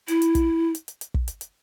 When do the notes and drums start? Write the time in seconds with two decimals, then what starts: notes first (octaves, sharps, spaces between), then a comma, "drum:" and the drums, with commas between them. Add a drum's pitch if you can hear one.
0.08 E4, drum: hi-hat
0.22 drum: hi-hat
0.35 drum: kick, hi-hat
0.75 drum: hi-hat
0.88 drum: hi-hat
1.01 drum: hi-hat
1.14 drum: kick
1.28 drum: hi-hat
1.41 drum: hi-hat